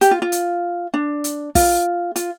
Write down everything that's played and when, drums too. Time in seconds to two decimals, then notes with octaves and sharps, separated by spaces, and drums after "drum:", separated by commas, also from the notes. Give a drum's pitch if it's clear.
0.01 G4, drum: hi-hat
0.11 F4
0.22 F4
0.32 drum: hi-hat
0.94 D4
1.24 drum: hi-hat
1.55 F4, drum: kick, open hi-hat
2.16 F4, drum: hi-hat